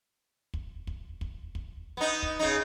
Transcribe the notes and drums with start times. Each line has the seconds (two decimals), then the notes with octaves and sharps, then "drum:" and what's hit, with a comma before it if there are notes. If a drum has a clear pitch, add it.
0.54 drum: kick
0.87 drum: kick
1.21 drum: kick
1.55 drum: kick
1.97 B3 D#4
2.23 drum: kick
2.39 C#3 D#4